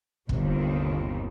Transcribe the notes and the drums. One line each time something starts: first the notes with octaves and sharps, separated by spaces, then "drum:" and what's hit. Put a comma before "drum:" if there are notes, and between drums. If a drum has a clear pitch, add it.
G1 D#2 C3 D#3, drum: kick